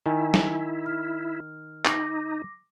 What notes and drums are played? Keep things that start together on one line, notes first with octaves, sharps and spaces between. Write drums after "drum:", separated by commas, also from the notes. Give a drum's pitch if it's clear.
D#3 E4 G#5
drum: snare
F6
D#4 D6 A#6, drum: clap